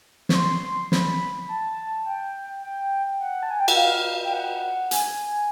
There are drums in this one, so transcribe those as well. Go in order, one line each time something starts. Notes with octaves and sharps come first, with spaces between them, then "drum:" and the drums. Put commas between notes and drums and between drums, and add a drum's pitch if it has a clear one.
C#6, drum: snare
C6
B5, drum: snare
A5
G5
G5
F#5
A5
G#5
G5
F#5, drum: cymbal
F5
G5
F#5
G#5, drum: hi-hat